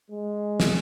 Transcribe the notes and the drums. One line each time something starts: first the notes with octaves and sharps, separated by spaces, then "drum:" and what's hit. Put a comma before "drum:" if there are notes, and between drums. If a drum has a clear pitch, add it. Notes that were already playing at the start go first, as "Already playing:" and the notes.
G#3
drum: snare